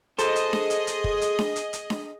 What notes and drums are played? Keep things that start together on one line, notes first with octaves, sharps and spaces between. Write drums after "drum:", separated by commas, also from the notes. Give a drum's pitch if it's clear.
G#4 A4 C5 D#5, drum: hi-hat
drum: hi-hat
drum: snare D4
drum: hi-hat
drum: hi-hat
drum: kick
drum: hi-hat
drum: snare D4
drum: hi-hat
drum: hi-hat
drum: snare D4